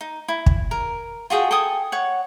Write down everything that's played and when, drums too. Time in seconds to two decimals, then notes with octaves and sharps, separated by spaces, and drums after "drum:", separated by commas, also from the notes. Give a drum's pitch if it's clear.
0.01 D#4
0.28 E4
0.46 drum: kick
0.71 A#4
1.30 F4 F#4 G#4 G5
1.51 A4 G5 G#5 D#6
1.92 C#5 F#5